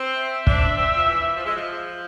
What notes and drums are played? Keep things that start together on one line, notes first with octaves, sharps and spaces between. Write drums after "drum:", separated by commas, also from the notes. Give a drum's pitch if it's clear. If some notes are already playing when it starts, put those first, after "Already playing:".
Already playing: C4
E5
D4, drum: kick
C4
F3
E3
F3
G#3
F3